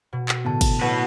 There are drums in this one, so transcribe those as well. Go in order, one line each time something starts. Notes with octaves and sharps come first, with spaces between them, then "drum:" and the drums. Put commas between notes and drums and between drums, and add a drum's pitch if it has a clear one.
B2
drum: clap
A2 D3 B3 A5
drum: kick, cymbal
B2 F#3 E4 F#4 B4